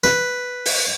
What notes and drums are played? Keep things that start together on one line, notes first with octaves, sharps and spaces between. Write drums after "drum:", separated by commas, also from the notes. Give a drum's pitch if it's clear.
B4, drum: snare
drum: open hi-hat